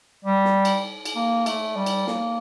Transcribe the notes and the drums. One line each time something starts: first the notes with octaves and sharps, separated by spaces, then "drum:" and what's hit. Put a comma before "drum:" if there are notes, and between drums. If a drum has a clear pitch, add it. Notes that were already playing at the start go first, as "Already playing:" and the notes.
G3
drum: snare
drum: cymbal
drum: cymbal
A#3
A3, drum: cymbal
G3
drum: cymbal
A#3, drum: snare